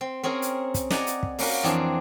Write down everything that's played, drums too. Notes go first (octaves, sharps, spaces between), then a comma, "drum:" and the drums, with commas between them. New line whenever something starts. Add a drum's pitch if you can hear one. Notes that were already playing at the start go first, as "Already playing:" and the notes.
C4
C4 C#4 G#4 A#4
drum: hi-hat
drum: kick, hi-hat
D5 D#5 F#5 G#5 A#5, drum: snare
drum: hi-hat
drum: kick
A#3 C#4 F#4 A#4, drum: open hi-hat
F2 E3 C4 D4 G#4